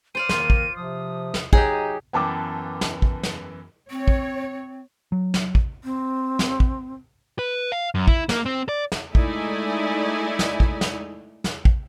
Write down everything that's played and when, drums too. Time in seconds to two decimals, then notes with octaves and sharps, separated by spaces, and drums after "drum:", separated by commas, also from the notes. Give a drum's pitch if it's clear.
0.15 C5 D5 F5 D#7
0.29 D#3 A#3 F4 A#4, drum: snare
0.50 drum: kick
0.76 C3 F3 D#6
1.34 drum: snare
1.53 F#3 D#4 G4 G#4 D#5 G#5 A#5 G6, drum: kick
2.13 F#2 E3 B3 G5 A5 D6
2.81 drum: snare
3.02 drum: kick
3.23 drum: snare
3.90 C4 C#5
4.08 drum: kick
5.12 F#3
5.34 drum: snare
5.55 drum: kick
5.84 C4
6.39 drum: snare
6.60 drum: kick
7.39 B4
7.72 F5
7.95 F#2
8.08 E4, drum: kick
8.29 A#3, drum: snare
8.46 C4
8.69 D5
8.92 drum: snare
9.15 G#3 A3 D#4 E4 D5 G#5, drum: kick
10.39 drum: snare
10.60 drum: kick
10.81 drum: snare
11.44 drum: snare
11.65 drum: kick